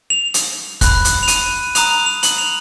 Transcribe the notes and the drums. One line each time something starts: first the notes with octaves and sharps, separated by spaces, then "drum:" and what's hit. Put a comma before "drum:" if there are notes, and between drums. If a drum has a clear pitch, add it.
F7
drum: hi-hat
B5 F#6, drum: kick, hi-hat
drum: hi-hat
F7
D#7, drum: hi-hat
A#5 D#6 F#6 F7, drum: hi-hat
F7
F7
F#7, drum: hi-hat
F7